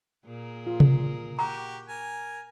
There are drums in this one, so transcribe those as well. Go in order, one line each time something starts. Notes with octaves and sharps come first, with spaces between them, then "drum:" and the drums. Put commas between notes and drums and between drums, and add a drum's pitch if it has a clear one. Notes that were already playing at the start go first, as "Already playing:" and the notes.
A#2 G#4 A#4
F4
drum: tom C3
F#4 G4 A#5
A#4 G#5